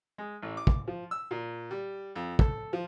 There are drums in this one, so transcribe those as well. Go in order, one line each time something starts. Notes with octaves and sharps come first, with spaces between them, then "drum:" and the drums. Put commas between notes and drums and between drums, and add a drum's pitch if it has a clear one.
G#3
A1
D6
drum: kick
F3
E6
A#2
G3
F2
A4, drum: kick
F3